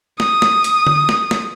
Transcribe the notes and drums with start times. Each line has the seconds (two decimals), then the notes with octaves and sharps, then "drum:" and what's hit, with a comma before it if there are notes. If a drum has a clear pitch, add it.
0.20 D#6, drum: snare
0.42 drum: snare
0.64 drum: hi-hat
0.87 drum: tom D3
1.09 drum: snare
1.31 drum: snare